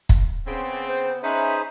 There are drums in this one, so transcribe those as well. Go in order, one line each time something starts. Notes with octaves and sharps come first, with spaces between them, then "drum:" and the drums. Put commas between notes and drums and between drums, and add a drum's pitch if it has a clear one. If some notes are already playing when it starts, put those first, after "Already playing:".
drum: kick
C#3 B3 C4
C5
C#4 D#4 G#4 B4 C5 E5